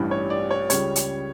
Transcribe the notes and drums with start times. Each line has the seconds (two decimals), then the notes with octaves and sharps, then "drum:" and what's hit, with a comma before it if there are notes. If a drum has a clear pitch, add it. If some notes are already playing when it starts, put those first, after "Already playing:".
Already playing: A1 G2 E3 G3
0.11 C#5
0.30 D5
0.51 C#5
0.70 C#2 C#3 G3 C#5, drum: hi-hat
0.96 drum: hi-hat